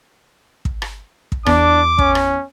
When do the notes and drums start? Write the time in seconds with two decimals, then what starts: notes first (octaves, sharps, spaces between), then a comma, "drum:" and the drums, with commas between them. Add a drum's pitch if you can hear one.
0.65 drum: kick
0.82 drum: rim click
1.32 drum: kick
1.46 E2 D4 D6, drum: rim click
1.98 C#4, drum: kick
2.15 drum: rim click